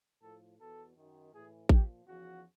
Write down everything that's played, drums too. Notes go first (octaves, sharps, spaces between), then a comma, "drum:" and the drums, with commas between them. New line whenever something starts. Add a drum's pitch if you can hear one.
A2 F3 A4
E2 B2 A4
F#2 D#3
A2 E3 G#4
A#2 F3 G4, drum: kick A1
E2 C#3 F3 F#4